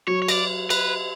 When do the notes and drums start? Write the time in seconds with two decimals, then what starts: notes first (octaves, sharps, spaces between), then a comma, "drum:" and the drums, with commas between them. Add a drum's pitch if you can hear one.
0.07 F#3 C#5
0.22 C#5
0.28 D5, drum: cymbal
0.70 B4, drum: cymbal